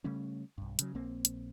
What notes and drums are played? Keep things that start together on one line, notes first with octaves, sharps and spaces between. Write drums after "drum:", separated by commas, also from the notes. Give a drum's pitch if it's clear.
C#3 G3 A3 C#4
B1 G2
C#3 F#3, drum: hi-hat
A#1 A#3 C4
drum: hi-hat